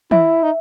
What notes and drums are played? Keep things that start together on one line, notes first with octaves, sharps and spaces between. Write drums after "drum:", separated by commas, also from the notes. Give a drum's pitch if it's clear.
E4 E5, drum: tom
D#4